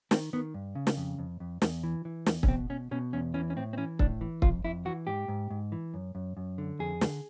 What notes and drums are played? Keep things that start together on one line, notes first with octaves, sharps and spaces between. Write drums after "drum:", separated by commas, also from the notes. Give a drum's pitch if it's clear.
D#3 C4, drum: snare
D#3 B3
G2
C#3
drum: snare
F2
F2
F2
E2, drum: snare
E3
E3
E2, drum: snare
C#4, drum: kick
B2 C4
B2 C#4
B2 C#4
E2 C#4
E3 C#4
C#4
A2 C4
C4
E3 C#4
A2 D4, drum: kick
E3
F2 F4, drum: kick
F2 E4
E3 F#4
G#2 G4
G#2
G#2
E3
F#2
F#2
F#2
D3
F2 G#4
D3, drum: snare